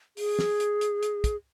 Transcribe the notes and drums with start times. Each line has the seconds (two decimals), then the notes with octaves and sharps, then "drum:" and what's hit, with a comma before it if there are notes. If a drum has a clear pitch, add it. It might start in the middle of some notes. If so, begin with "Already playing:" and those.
0.17 G#4, drum: open hi-hat
0.39 drum: snare
0.60 drum: hi-hat
0.81 drum: hi-hat
1.03 drum: hi-hat
1.24 drum: kick, hi-hat